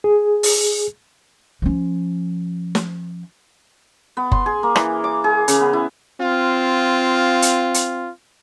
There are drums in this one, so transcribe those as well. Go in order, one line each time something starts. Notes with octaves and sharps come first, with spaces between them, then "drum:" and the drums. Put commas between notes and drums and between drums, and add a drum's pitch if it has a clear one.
G#4
drum: open hi-hat
F3 C#4
drum: snare
B3
C6, drum: kick F#1
G#4
A#3
E3, drum: rim click
D6
G#4
C#3, drum: hi-hat
B3
E4
C4 F4
drum: hi-hat
drum: hi-hat